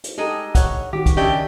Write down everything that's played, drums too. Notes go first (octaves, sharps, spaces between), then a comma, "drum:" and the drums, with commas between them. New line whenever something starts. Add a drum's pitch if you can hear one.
drum: hi-hat
G#3 D#4 G4 A4
C#5 F#5, drum: kick, hi-hat
D#3 F#4 G4
drum: kick, hi-hat
C#3 C#4 D4 G4 D#5 E5